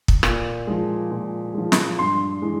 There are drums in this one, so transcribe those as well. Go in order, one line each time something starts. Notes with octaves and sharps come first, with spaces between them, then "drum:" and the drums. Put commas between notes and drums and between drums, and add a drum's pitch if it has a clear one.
drum: kick
A#2, drum: rim click
F3 G#3
A#2
F3 G#3
drum: snare
G2 C6
E3 G#3